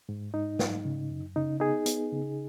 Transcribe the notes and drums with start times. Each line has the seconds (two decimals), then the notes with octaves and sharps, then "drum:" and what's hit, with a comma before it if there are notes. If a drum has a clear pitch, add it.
0.09 G#2
0.34 G#2 D#4
0.59 G#2, drum: snare
0.85 C#3
1.11 F#2
1.36 C#3 D#4
1.60 B3 D#4 G#4
1.86 B3, drum: hi-hat
2.12 C#3